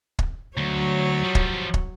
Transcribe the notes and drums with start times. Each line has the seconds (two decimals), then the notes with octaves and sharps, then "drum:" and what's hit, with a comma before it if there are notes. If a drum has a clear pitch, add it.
0.19 drum: kick
0.57 D2 F#3 C#5
1.24 F3 G3
1.35 drum: kick
1.74 drum: kick